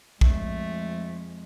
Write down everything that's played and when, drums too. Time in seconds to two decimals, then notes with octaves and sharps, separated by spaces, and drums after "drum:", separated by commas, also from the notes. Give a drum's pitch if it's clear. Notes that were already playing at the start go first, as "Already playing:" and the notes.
0.21 F2 G#3 A3, drum: kick B1